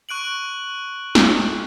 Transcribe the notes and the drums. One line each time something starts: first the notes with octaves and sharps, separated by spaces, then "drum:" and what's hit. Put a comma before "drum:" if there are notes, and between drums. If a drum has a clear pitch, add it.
C#6 F#6 D7 F#7
drum: snare